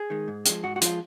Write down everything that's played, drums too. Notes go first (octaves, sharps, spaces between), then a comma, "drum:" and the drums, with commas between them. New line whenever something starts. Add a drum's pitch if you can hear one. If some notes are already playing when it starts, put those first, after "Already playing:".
Already playing: G#4
D#3 G#3
G#2
F3 G#3, drum: hi-hat
G#2 F#4
F#4
F3 G#3 F4, drum: hi-hat